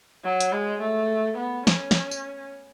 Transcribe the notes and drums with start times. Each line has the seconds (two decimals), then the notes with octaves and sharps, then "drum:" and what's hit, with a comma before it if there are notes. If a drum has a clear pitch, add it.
0.25 F#3
0.40 drum: hi-hat
0.53 G#3
0.82 A3
1.38 B3
1.67 C#4, drum: snare
1.91 drum: snare
2.11 drum: tambourine